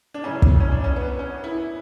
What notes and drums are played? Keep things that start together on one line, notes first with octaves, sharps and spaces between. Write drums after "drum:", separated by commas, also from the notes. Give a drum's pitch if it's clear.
D4
F#2 C#3 E3 C#4
drum: kick
C#4
D4
C#4
B3
C#4
E4